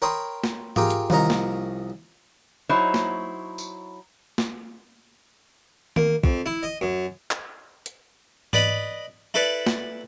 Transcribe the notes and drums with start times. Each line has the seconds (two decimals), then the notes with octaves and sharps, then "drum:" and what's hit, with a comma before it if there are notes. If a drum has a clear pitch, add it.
0.02 A#4 C#5 G5 B5 C6 D#6
0.44 drum: snare
0.76 F4 G4 G#4 A#4 G5, drum: tom G#2
0.90 drum: hi-hat
1.10 C2 F3 C#4 A#4 D#5 A#5, drum: tom D#3
1.30 drum: snare
2.69 F#3 D#4 E4 C5 C#5
2.94 drum: snare
3.58 drum: tambourine
4.38 drum: snare
5.96 A#3, drum: tom D#3
6.24 F2, drum: kick
6.46 E4
6.63 D#5
6.81 F#2
7.31 drum: clap
7.86 drum: hi-hat
8.53 B4 D5 D#5 B5, drum: tom G#2
9.34 E4 A4 B4 D5
9.67 drum: snare